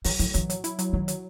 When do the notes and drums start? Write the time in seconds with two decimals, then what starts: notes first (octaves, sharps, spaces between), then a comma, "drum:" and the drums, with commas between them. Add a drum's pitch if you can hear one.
0.04 E3 F#3, drum: open hi-hat
0.19 A2 F3, drum: hi-hat
0.34 E3 F#3, drum: hi-hat
0.50 F#3, drum: hi-hat
0.64 E4, drum: hi-hat
0.79 F#3, drum: hi-hat
0.93 D#3 F#3
1.08 F#3, drum: hi-hat